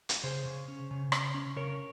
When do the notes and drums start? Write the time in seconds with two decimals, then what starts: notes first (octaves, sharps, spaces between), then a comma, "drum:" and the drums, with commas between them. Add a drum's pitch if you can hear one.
0.09 drum: hi-hat
0.24 C#3 G#4 C5
0.46 C#3
0.68 C#4
0.91 C#3
1.12 C#3, drum: rim click
1.34 C#4
1.56 C#3 A#4 C#5